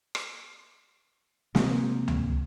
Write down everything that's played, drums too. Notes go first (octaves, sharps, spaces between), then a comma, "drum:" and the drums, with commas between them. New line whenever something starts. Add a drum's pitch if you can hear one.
drum: rim click
C3 G#3 A#3 C4, drum: snare
drum: tom C#2